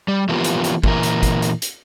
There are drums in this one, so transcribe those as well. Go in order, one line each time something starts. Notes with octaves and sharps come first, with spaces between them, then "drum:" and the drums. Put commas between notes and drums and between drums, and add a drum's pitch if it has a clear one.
G3
E3 F3 A#3 B3 F4 G4
drum: hi-hat
drum: hi-hat
A#2 E3 A#4, drum: kick
drum: hi-hat
drum: kick, hi-hat
drum: hi-hat
drum: hi-hat